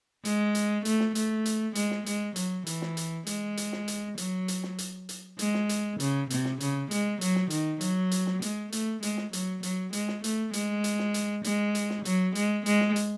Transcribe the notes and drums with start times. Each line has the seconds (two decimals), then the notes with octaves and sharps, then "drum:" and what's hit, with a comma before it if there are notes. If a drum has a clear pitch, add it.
0.25 G#3, drum: hi-hat
0.55 drum: hi-hat
0.85 A3, drum: hi-hat
1.00 drum: snare
1.15 A3, drum: hi-hat
1.45 drum: hi-hat
1.75 G#3, drum: hi-hat
1.91 drum: snare
2.06 G#3, drum: hi-hat
2.36 F#3, drum: hi-hat
2.66 E3, drum: hi-hat
2.82 drum: snare
2.97 drum: hi-hat
3.27 G#3, drum: hi-hat
3.57 drum: hi-hat
3.73 drum: snare
3.88 drum: hi-hat
4.18 F#3, drum: hi-hat
4.48 drum: hi-hat
4.63 drum: snare
4.78 drum: hi-hat
5.09 drum: hi-hat
5.39 G#3, drum: hi-hat
5.54 drum: snare
5.69 drum: hi-hat
6.00 C#3, drum: hi-hat
6.30 C3, drum: hi-hat
6.45 drum: snare
6.60 C#3, drum: hi-hat
6.91 G#3, drum: hi-hat
7.21 F#3, drum: hi-hat
7.36 drum: snare
7.50 D#3, drum: hi-hat
7.81 F#3, drum: hi-hat
8.11 drum: hi-hat
8.27 drum: snare
8.42 G#3, drum: hi-hat
8.72 A3, drum: hi-hat
9.03 G#3, drum: hi-hat
9.17 drum: snare
9.33 F#3, drum: hi-hat
9.63 F#3, drum: hi-hat
9.93 G#3, drum: hi-hat
10.08 drum: snare
10.24 A3, drum: hi-hat
10.53 G#3, drum: hi-hat
10.84 drum: hi-hat
10.99 drum: snare
11.14 drum: hi-hat
11.44 G#3, drum: hi-hat
11.75 drum: hi-hat
11.90 drum: snare
12.05 F#3, drum: hi-hat
12.35 G#3, drum: hi-hat
12.66 G#3, drum: hi-hat
12.81 drum: snare
12.96 drum: hi-hat